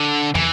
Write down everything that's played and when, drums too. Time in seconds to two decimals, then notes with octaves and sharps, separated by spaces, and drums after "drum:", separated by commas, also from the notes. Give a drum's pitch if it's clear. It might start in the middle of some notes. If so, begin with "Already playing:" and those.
Already playing: D3
0.35 E3, drum: tom